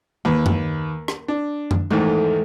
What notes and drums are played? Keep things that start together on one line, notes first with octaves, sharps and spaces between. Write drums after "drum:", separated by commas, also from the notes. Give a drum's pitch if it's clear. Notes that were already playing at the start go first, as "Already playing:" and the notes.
D#2 A#3 B4
drum: tom F#2
drum: rim click
D4
drum: tom F#2
E2 G#2 D#3 A3